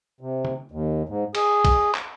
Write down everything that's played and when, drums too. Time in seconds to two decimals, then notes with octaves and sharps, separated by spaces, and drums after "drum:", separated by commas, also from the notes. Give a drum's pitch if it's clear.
0.21 C3
0.45 drum: tom C#3
0.71 D#2
1.09 G#2
1.35 G#4, drum: cymbal
1.65 drum: kick, cymbal
1.95 drum: clap